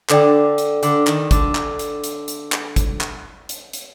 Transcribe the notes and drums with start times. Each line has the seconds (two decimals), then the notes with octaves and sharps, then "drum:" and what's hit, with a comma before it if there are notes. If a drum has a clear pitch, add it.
0.09 D3 A4 D5 G5, drum: clap
0.58 drum: hi-hat
0.83 D3, drum: hi-hat
1.07 D#3, drum: clap
1.31 D3, drum: kick, hi-hat
1.55 drum: clap
1.79 drum: hi-hat
2.04 drum: hi-hat
2.28 drum: hi-hat
2.52 drum: clap
2.76 drum: kick, hi-hat
3.01 drum: clap
3.49 drum: hi-hat
3.73 drum: hi-hat